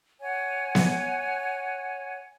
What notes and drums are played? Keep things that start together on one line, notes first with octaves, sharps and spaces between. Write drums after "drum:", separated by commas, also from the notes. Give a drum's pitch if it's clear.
C#5 F#5 G#5
drum: snare B3